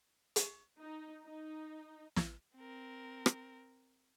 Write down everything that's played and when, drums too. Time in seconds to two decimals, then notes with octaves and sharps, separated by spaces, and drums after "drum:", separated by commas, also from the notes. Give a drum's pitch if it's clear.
0.36 drum: hi-hat
0.80 D#4
1.24 D#4
2.16 drum: snare
2.56 C4 A#4
3.26 drum: rim click